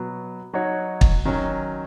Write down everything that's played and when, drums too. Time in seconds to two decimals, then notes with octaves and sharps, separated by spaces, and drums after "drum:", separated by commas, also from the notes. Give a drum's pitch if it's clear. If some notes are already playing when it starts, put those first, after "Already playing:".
Already playing: B2 F#3 B3
0.53 F#3 D#4 F#4 C#5
1.01 drum: kick
1.25 D#3 F#3 C#4